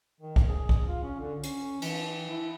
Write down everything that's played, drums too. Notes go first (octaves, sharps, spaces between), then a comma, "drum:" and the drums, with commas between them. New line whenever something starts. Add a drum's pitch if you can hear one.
D#3
drum: kick
G#4
drum: kick
F4
C#4
D3
C#4, drum: hi-hat
E3, drum: cymbal
E4